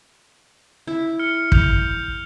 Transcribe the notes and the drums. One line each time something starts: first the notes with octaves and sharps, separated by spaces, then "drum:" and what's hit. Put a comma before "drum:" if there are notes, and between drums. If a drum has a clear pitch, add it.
E4
F6 C#7
G6 C#7 F7, drum: kick